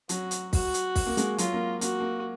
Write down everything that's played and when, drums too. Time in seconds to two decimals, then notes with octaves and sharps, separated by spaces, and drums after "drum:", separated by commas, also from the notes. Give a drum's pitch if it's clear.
0.09 F#3 F#4, drum: hi-hat
0.31 drum: hi-hat
0.53 F#4, drum: kick, open hi-hat
0.74 drum: hi-hat
0.95 drum: kick, open hi-hat
1.06 A#3
1.17 G#3, drum: hi-hat
1.38 F#3 F4, drum: hi-hat
1.53 A#3
1.81 A#3 F#4, drum: hi-hat
2.00 A#3